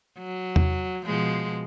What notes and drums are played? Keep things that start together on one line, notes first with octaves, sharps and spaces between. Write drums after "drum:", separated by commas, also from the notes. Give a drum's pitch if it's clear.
F#3
drum: tom E2
B2 F3 G#3